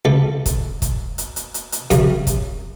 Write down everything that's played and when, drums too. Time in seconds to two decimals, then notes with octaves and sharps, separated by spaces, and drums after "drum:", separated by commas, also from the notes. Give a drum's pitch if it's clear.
0.05 C#2 A4
0.46 drum: kick, hi-hat
0.82 drum: kick, hi-hat
1.18 drum: hi-hat
1.36 drum: hi-hat
1.54 drum: hi-hat
1.72 drum: hi-hat
1.90 F#2 C#3, drum: kick, hi-hat
2.27 drum: kick, hi-hat